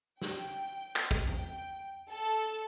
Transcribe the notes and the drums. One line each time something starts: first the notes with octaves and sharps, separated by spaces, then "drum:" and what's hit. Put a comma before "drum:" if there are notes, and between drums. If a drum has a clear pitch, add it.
G5, drum: snare
drum: clap
drum: kick
G5, drum: tom E2
A4